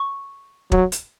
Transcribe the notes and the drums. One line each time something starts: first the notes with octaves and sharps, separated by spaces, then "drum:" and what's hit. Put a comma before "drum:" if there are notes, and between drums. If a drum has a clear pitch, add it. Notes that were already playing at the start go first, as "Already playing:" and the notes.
Already playing: C#6
F#3, drum: kick
drum: hi-hat